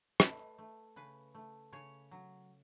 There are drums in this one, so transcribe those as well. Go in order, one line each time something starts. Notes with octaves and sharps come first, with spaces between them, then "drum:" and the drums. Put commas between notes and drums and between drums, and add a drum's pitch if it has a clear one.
A3 B4, drum: rim click
A3
C#3 B4
A3
C#3 C#5
F#3